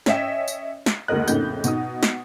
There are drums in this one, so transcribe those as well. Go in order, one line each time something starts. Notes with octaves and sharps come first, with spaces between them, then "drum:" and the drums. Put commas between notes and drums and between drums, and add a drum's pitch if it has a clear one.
C#4 C#5 D#5 E5 G5, drum: snare
drum: tambourine
drum: snare
F#1 D2 G#3 A#4 D#5 F#6
F2 A2 C#3 A#3 D#4 G6, drum: tambourine
B2 D#4 D#6, drum: tambourine
drum: snare